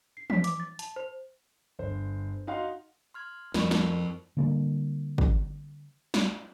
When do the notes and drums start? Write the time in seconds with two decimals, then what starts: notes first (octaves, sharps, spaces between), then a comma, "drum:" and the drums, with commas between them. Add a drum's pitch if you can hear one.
0.17 C7
0.30 B6, drum: tom E3
0.44 D6, drum: hi-hat
0.60 A6
0.79 A5, drum: hi-hat
0.96 C5
1.79 G1 C5
2.47 D#4 F#4 F5 F#5 C6
3.14 C6 F6 G#6
3.54 F2 A#4 B5 C#6, drum: snare
3.71 drum: snare
4.37 D3 G3 A#3
5.18 drum: kick
6.14 drum: snare